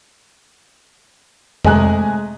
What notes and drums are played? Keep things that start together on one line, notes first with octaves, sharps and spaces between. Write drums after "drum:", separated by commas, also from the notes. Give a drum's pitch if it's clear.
C3 G#3 A3 G#5 A#5 F#6, drum: tom F2